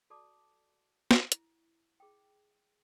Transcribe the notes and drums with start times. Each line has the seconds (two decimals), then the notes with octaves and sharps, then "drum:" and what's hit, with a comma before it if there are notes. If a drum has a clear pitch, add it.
0.10 F#4 A4 D5 A5 D6
1.11 drum: snare
1.32 E4, drum: hi-hat
2.00 G#4 G5